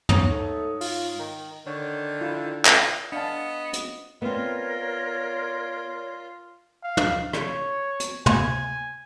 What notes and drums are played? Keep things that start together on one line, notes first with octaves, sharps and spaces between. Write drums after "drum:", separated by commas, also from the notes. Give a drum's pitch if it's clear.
G#2 C#5 D#6, drum: tom
A3
F4, drum: open hi-hat
D#3
D3 D#3 C#5
E4 F4
drum: clap
B3 D4 D#5 F5 A5
drum: hi-hat
B3 C4 F4 A#4 C#5 D5
F5
drum: tom
C#5, drum: rim click
drum: hi-hat
G#5, drum: tom